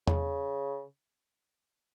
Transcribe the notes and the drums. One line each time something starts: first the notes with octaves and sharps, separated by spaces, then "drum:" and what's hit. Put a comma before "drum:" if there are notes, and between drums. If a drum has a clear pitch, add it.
C#3, drum: tom E2